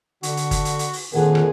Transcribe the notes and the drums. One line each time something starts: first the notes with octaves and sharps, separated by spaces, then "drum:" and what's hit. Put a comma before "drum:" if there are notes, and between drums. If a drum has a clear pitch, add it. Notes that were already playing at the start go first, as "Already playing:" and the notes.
D3 F#4, drum: hi-hat
drum: hi-hat
drum: kick G1, hi-hat
drum: hi-hat
drum: hi-hat
drum: open hi-hat
F2 A#2 D#3 G#4 F#5
drum: rim click